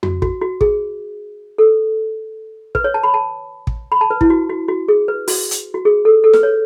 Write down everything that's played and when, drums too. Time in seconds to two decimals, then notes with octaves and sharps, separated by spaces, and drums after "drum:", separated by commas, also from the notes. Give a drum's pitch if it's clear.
0.03 F#4, drum: tom F2
0.22 F#4, drum: kick
0.41 F#4
0.61 G#4, drum: kick
1.58 A4
2.75 B4, drum: kick
2.84 C#5
2.94 A5
3.03 B5
3.14 A5
3.67 drum: kick
3.92 B5
4.01 A5
4.10 B4
4.21 E4, drum: kick
4.30 F#4
4.50 F#4
4.68 F#4
4.88 G#4
5.08 B4
5.28 F#4, drum: open hi-hat
5.51 drum: hi-hat
5.74 F#4
5.85 G#4
6.05 A4
6.24 A4
6.33 B4, drum: snare
6.43 C#5